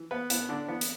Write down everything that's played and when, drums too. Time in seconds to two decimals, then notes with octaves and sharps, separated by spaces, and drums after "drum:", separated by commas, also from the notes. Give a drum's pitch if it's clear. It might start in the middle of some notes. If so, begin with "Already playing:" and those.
Already playing: E3
0.11 B3 B4
0.30 A2 B3, drum: hi-hat
0.49 D3 D4
0.69 E3 B3
0.81 drum: hi-hat